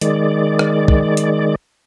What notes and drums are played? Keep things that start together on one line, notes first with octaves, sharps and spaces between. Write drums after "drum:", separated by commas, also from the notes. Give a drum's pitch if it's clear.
D#3 G#3 D5, drum: hi-hat
drum: rim click
drum: kick
drum: hi-hat